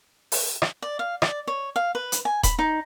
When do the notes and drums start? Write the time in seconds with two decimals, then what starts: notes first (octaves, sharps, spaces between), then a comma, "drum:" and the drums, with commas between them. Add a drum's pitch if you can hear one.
0.32 drum: open hi-hat
0.62 drum: rim click
0.82 D5
0.99 F5
1.22 D5, drum: rim click
1.47 C#5
1.76 F5
1.95 B4
2.12 drum: hi-hat
2.25 G#5
2.43 B5, drum: kick D#1, hi-hat
2.59 D#4